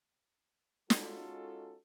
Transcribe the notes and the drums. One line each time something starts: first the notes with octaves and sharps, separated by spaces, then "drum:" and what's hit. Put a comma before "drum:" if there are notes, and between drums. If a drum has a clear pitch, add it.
G#3 C#4 D#4 F4 F#4 A4, drum: snare